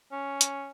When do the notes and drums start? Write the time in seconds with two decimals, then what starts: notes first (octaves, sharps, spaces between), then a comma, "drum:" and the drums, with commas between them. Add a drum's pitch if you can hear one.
0.12 C#4
0.41 drum: hi-hat